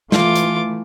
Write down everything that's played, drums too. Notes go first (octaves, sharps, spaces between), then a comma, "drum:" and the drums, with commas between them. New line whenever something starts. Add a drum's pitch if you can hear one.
E3 A3 F4 D6, drum: snare
drum: hi-hat